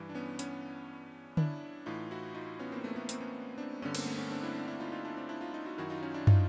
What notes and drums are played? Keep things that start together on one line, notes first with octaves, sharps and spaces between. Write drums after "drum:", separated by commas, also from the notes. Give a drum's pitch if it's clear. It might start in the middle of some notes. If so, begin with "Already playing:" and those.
Already playing: G2 E3
D4
B3 C#4
B3 C#4, drum: hi-hat
D4 E4, drum: tom D3
A2 E3 D#4 F4
E4 F#4
D#4 F4
B3 C#4
A#3 C4
A3 B3
A3 B3
A#3 C4, drum: hi-hat
B3 C#4
C4 D4
G2 D3 B3 C#4
A#3 C4, drum: cymbal
A3 B3
B3 C#4
C4 D4
D4 E4
C4 D4
D4 E4
D#4 F4
D#4 F4
D4 E4
C4 D4
D4 E4
D#4 F4
D#4 F4
E4 F#4
F#2 D#3 E4 F#4
D#4 F4
C#4 D#4
D4 E4
D#4 F4, drum: tom